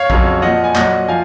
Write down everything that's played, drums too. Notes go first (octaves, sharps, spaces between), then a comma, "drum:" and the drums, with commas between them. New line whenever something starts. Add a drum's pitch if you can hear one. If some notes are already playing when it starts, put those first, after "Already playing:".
Already playing: C#5 F5
F2 C#3 F#3, drum: kick A#1
A#2 F3 D#5 F#5
G#5
A#2 F#3 D#5 F#5, drum: clap
F3 F5 G#5